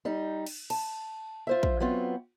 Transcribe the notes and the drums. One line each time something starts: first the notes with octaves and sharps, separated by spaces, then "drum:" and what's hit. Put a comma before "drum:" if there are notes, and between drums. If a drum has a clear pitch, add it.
G3 D#4
drum: cymbal
A5, drum: cymbal
F4 C5 E5
drum: kick
F#3 B3 C4 F4